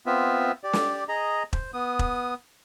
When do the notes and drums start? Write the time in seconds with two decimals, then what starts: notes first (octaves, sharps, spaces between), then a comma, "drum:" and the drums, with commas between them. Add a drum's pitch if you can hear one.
0.06 B3 C4 F4 E5
0.64 G4 D5
0.73 drum: snare
1.09 G#4 D#5 A#5
1.53 C5, drum: kick E1
1.73 B3 D#6
1.99 drum: kick E1